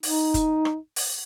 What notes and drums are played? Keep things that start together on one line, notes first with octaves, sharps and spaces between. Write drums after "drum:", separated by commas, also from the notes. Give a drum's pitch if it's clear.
D#4, drum: open hi-hat
drum: kick F#1, hi-hat
drum: rim click
drum: open hi-hat